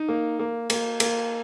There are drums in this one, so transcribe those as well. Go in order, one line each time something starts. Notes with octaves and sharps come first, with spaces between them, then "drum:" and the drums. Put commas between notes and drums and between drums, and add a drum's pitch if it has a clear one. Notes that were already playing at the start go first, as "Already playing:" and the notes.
Already playing: D#4
A#3
A#3
A#3, drum: cymbal
A#3, drum: cymbal